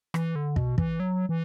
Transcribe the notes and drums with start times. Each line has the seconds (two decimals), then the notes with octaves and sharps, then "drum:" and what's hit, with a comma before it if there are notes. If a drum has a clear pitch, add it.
0.14 E3, drum: rim click
0.36 D3
0.56 B2, drum: kick
0.78 E3, drum: kick
1.00 F#3
1.29 E3